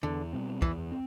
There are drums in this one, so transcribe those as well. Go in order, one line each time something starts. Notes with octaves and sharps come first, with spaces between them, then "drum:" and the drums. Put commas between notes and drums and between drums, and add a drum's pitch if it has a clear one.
E2 D3
B2 G3 C4
E2 E3, drum: kick
C4